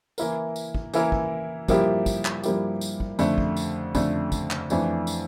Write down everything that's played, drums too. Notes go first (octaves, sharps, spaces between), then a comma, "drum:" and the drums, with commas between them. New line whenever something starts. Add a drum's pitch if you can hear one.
E3 A#3 E4 A#4, drum: tambourine
drum: tambourine
drum: kick
E3 A#3 E4 A#4, drum: tambourine
drum: kick
G2 F3 A#3 E4 G4, drum: kick, tambourine
drum: kick, tambourine
drum: clap
G2 F3 A#3 E4 G4, drum: tambourine
drum: tambourine
drum: kick
F2 D3 A3, drum: tambourine
drum: kick
drum: tambourine
F2 D3 A3, drum: kick, tambourine
drum: kick, tambourine
drum: clap
F2 E3 A3 D4, drum: tambourine
drum: tambourine